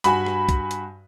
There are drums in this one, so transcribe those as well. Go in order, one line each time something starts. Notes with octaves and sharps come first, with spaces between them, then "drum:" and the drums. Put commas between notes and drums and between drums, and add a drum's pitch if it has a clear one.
G2 F#4 G#5 B5, drum: hi-hat
drum: rim click
drum: kick, hi-hat
drum: hi-hat